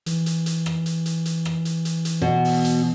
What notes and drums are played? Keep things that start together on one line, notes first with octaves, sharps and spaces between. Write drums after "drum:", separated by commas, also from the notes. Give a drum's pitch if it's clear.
E3, drum: hi-hat
drum: hi-hat
drum: hi-hat
drum: rim click
drum: hi-hat
drum: hi-hat
drum: hi-hat
drum: rim click
drum: hi-hat
drum: hi-hat
drum: hi-hat
B2
drum: open hi-hat
drum: hi-hat